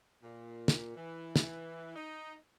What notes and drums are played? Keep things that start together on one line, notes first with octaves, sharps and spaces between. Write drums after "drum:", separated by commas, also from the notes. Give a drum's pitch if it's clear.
A#2
drum: snare
E3
drum: snare
D#4